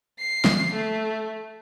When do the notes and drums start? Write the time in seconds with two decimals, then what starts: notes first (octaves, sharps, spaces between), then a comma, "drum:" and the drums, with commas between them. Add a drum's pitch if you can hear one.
0.20 C7
0.45 drum: snare
0.74 A3